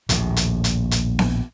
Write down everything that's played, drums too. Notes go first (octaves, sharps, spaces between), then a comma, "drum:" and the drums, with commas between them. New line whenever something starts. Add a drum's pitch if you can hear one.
A#1 D#2 A2, drum: hi-hat
drum: hi-hat
drum: hi-hat
drum: hi-hat
drum: snare B3